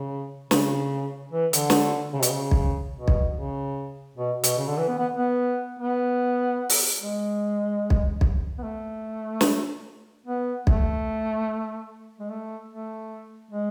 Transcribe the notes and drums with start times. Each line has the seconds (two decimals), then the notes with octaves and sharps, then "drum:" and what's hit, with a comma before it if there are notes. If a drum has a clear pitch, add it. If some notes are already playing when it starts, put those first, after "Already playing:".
Already playing: C#3
0.51 C#3, drum: snare
1.32 E3
1.53 D3, drum: hi-hat
1.70 drum: snare
2.13 C#3
2.23 B2, drum: hi-hat
2.31 C#3
2.51 drum: kick B1
2.96 B2
3.08 drum: kick B1
3.36 C#3
4.17 B2
4.44 B2, drum: hi-hat
4.58 C#3
4.67 D3
4.77 E3
4.88 B3
4.98 B3
5.15 B3
5.79 B3
6.69 drum: open hi-hat
7.01 G#3
7.90 drum: kick B1
8.21 drum: kick B1
8.59 B3
8.64 A3
9.41 drum: snare
10.27 B3
10.67 A3, drum: kick B1
12.20 G#3
12.30 A3
12.70 A3
13.51 G#3